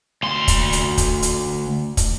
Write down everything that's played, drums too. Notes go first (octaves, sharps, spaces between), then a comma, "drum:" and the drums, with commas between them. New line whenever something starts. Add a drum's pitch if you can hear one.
D2 C6
drum: kick, hi-hat
drum: hi-hat
drum: kick, hi-hat
drum: hi-hat
drum: kick, hi-hat